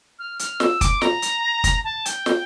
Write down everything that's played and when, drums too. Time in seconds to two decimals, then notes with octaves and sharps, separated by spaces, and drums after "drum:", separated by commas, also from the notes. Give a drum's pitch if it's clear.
0.19 F6
0.39 F6, drum: hi-hat
0.60 E6, drum: snare
0.81 D6, drum: kick, hi-hat
1.02 A#5, drum: snare
1.22 drum: hi-hat
1.64 drum: kick, hi-hat
1.84 A5
2.06 G5, drum: hi-hat
2.26 drum: snare